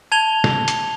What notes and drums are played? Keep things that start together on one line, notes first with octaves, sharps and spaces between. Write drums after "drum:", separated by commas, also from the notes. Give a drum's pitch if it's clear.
A5 G#6 F7 G7
drum: snare
drum: hi-hat